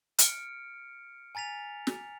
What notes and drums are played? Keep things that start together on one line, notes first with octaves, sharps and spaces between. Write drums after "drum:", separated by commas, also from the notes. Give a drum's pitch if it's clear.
F6 C#7 D7, drum: hi-hat
G#5 A#5 A6 B6 F7
drum: snare